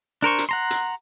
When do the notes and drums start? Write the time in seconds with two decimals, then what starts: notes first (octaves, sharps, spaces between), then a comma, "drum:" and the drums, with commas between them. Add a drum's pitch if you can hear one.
0.22 D4 A#4 C5 C#6
0.38 drum: hi-hat
0.49 F#5 A#5 C6
0.71 drum: hi-hat